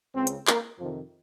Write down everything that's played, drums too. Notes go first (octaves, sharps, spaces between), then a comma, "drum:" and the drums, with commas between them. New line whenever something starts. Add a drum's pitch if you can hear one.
C#2 C#3 C4
drum: hi-hat
A#3, drum: clap
F2 C3 D#3 F3